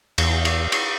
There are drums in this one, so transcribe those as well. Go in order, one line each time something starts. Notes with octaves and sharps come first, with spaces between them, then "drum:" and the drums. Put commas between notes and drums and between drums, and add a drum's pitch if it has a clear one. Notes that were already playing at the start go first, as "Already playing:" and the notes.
E2, drum: cymbal
drum: cymbal
drum: cymbal